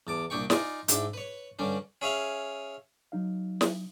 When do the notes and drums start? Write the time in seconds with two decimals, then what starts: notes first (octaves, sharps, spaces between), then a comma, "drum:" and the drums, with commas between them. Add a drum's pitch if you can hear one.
0.07 E2 A5 D6
0.30 C2 A#2 D4 G4 G5 C#6
0.50 D#4 F4 D5 G#5, drum: snare
0.88 G#2 D4 E4, drum: hi-hat
1.13 B4 C#5
1.59 G2 D3 G3 C#4 D4
2.02 C#4 G#4 E5 F5
3.12 F#3 D#4 F5
3.61 drum: snare